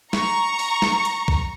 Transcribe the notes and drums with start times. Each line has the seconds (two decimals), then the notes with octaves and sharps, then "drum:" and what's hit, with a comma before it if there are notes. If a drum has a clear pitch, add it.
0.13 A#5 C#6, drum: snare
0.59 drum: open hi-hat
0.82 drum: snare
1.05 drum: hi-hat
1.28 drum: kick